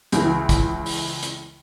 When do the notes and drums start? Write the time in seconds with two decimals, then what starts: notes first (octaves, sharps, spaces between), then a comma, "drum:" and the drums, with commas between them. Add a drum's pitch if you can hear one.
0.12 C#2 E3, drum: hi-hat
0.49 drum: kick, hi-hat
0.86 drum: open hi-hat
1.23 drum: hi-hat